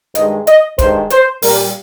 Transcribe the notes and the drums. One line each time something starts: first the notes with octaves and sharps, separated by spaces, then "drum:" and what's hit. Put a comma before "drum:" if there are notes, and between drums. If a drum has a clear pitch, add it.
G2 D#3 G#3 D#5, drum: hi-hat
D#5, drum: hi-hat
G2 D#3 G#3 C5, drum: kick, hi-hat
C5, drum: hi-hat
A#2 G3 A#4, drum: open hi-hat